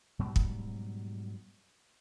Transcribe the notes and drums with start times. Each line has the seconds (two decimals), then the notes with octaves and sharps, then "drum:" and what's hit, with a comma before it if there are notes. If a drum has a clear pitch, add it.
0.19 G#2 B2 F#3 G3
0.36 drum: kick